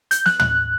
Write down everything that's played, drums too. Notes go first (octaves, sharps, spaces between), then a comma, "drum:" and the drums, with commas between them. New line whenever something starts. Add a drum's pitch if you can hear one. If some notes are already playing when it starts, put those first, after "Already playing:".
G6, drum: hi-hat
F#6, drum: snare
F#6, drum: tom